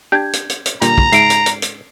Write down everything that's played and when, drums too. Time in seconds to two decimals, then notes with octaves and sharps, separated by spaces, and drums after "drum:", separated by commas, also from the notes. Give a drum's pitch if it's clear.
0.12 D4 G4 G6 G#6
0.33 drum: hi-hat
0.49 drum: hi-hat
0.66 drum: hi-hat
0.82 A#2 D3 G3 A#5, drum: hi-hat
0.98 drum: kick
1.12 G#2 E5 C7 D7, drum: hi-hat
1.30 drum: hi-hat
1.46 drum: hi-hat
1.62 drum: hi-hat